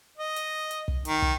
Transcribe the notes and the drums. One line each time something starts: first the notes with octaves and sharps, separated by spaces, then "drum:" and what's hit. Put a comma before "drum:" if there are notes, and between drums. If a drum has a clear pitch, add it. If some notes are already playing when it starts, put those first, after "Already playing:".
D#5
drum: hi-hat
drum: hi-hat
drum: kick
D#3, drum: hi-hat
drum: kick